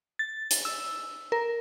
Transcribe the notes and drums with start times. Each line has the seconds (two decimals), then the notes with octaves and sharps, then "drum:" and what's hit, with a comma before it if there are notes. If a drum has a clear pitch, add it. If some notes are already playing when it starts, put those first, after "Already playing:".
0.19 A6
0.51 drum: hi-hat
0.65 E6
1.32 A#4